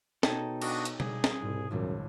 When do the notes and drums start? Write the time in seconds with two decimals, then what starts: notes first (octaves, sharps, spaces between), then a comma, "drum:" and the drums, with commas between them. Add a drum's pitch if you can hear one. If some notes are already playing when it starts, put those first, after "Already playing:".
0.23 B2 D#4 G#4 A4 C#5 G5, drum: snare
0.62 D4 F#4 D#5, drum: cymbal
0.85 drum: hi-hat
1.00 G3 G#4, drum: tom B2
1.24 drum: snare
1.41 C2 G#2 B2
1.71 G#1 C#2 F#2 A#2